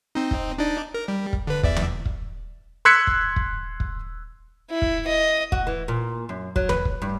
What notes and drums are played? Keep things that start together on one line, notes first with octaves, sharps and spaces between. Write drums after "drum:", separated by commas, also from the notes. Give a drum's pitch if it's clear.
C4 D#4
drum: kick
D4 D#4 D5
A#4
G3
drum: kick
D3 B4
E2 D5 E5, drum: kick
drum: tom D#2
drum: kick
C6 E6 F#6 G#6 B6 C#7
drum: kick
drum: kick
drum: kick
E4
drum: kick
D#5
F#4, drum: kick
E3
A#2
F#2
F#3, drum: kick
B4, drum: tom D#2
drum: kick
G2